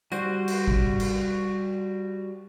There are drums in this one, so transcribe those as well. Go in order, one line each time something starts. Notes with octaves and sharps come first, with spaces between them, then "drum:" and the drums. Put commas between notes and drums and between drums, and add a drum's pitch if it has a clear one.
G3 F#4 C5, drum: tambourine
drum: cymbal
drum: kick
drum: cymbal